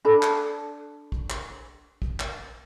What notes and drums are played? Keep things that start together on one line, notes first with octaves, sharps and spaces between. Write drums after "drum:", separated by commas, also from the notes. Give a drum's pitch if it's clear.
D4 A4 A5 B5
drum: clap
drum: kick
drum: clap
drum: kick
drum: clap